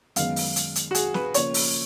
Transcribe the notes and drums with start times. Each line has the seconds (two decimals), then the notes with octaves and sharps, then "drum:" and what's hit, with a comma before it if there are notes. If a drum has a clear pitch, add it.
0.16 F#2 D#3 G#3 B3 F5, drum: hi-hat
0.36 drum: open hi-hat
0.56 drum: hi-hat
0.76 drum: hi-hat
0.91 F#4
0.95 G#4, drum: hi-hat
1.14 B4, drum: snare
1.34 C#3 F3 A#3 C#5, drum: hi-hat
1.54 drum: open hi-hat